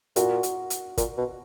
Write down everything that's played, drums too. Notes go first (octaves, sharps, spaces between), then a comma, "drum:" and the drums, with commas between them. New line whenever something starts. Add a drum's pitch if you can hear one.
A#2 F#4, drum: hi-hat
drum: hi-hat
drum: hi-hat
A#2, drum: kick, hi-hat
B2